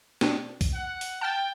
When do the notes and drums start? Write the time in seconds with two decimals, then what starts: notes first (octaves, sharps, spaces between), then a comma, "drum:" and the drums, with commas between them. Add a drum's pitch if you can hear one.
0.21 B2 C4 D4, drum: snare
0.61 drum: kick C2, open hi-hat
0.74 F#5
1.01 drum: open hi-hat
1.21 G5 A5 F6 A6